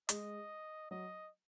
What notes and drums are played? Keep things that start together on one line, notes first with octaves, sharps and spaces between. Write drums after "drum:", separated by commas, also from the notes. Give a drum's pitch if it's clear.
G#3 D#5, drum: hi-hat
F#3 D#5